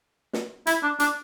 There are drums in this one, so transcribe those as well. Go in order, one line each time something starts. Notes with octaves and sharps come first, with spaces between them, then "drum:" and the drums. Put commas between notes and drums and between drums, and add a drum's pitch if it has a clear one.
drum: snare
E4, drum: hi-hat
D4
D4, drum: hi-hat